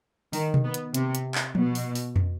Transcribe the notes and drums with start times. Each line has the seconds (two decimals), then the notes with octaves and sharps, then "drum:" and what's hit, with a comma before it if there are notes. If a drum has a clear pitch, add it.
0.33 D#3, drum: open hi-hat
0.54 drum: tom B2
0.65 B3
0.74 drum: hi-hat
0.94 C3, drum: hi-hat
1.15 drum: hi-hat
1.35 drum: clap
1.55 B2, drum: tom F3
1.75 drum: open hi-hat
1.95 drum: open hi-hat
2.16 drum: tom F2